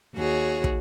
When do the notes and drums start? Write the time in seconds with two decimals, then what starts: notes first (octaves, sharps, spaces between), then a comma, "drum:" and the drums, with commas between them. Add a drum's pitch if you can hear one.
0.14 D#2 F#4 G#4 C#5
0.64 drum: kick